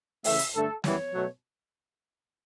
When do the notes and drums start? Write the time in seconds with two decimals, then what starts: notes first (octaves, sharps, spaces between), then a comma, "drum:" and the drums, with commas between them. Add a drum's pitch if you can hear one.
0.24 C#3 E3 A3 E5, drum: open hi-hat
0.39 drum: hi-hat
0.54 G2 D3 A3 A4
0.84 F#2 E3 G3 B3 C#5, drum: snare
1.13 B2 F#3 A3